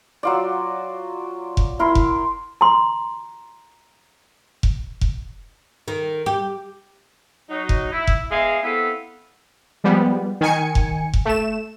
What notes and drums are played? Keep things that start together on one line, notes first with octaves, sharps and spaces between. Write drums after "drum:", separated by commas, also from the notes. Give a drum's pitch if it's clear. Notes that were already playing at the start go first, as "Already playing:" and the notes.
F#3 F4 D5
drum: kick F1
E4 A#4 C6
drum: kick F1
A#5 C6
drum: kick F1
drum: kick F1
D#3
G4
F#3 D#4
drum: kick F1
E4
drum: kick F1
G#3 B3 G#4 E5 F5
B3 C4 E4 A4 F5
F3 G3 G#3 B3
D#3 G#5 C#7
drum: kick F1
drum: kick F1
A3 E7